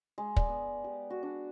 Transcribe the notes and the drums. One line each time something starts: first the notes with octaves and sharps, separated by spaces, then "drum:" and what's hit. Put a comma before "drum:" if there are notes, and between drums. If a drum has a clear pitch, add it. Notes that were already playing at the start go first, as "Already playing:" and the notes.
G#3
D5, drum: kick
B3
G4
F#4
D4